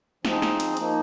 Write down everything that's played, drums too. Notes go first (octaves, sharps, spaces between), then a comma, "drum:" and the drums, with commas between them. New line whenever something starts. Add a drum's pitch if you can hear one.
F3 C4 D#4 G#4, drum: snare
drum: snare
drum: hi-hat
F3 A#3 D#4, drum: hi-hat